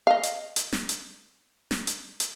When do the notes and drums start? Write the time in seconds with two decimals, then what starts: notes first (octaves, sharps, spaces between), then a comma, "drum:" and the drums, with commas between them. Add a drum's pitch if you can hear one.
0.07 D#5 F5
0.23 drum: hi-hat
0.56 drum: hi-hat
0.72 drum: snare
0.89 drum: hi-hat
1.71 drum: snare
1.87 drum: hi-hat
2.20 drum: hi-hat